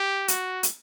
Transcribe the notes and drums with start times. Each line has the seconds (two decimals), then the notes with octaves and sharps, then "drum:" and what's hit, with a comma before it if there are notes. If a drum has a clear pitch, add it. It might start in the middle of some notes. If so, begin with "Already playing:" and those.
Already playing: G4
0.28 F#4, drum: hi-hat
0.63 drum: hi-hat